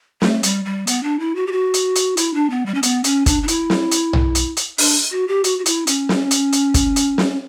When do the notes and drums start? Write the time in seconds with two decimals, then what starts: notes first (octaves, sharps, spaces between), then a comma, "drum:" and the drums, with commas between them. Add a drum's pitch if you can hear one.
0.22 A3, drum: snare
0.43 G3, drum: hi-hat
0.65 G3
0.87 B3, drum: hi-hat
1.03 D4
1.20 E4
1.36 F#4
1.47 G4
1.52 F#4
1.74 drum: hi-hat
1.96 drum: hi-hat
2.17 E4, drum: hi-hat
2.34 D4
2.50 B3
2.66 G3
2.74 C#4
2.83 B3, drum: hi-hat
3.04 C#4, drum: hi-hat
3.26 D4, drum: kick, hi-hat
3.43 D4
3.48 E4, drum: hi-hat
3.70 drum: snare
3.92 drum: hi-hat
4.13 drum: tom B1
4.35 drum: hi-hat
4.57 drum: hi-hat
4.78 D4, drum: open hi-hat
5.11 F#4
5.28 G4
5.44 F#4, drum: hi-hat
5.59 F#4
5.66 E4, drum: hi-hat
5.87 C#4, drum: hi-hat
6.09 drum: snare
6.31 drum: hi-hat
6.53 drum: hi-hat
6.74 drum: kick, hi-hat
6.96 drum: hi-hat
7.18 drum: snare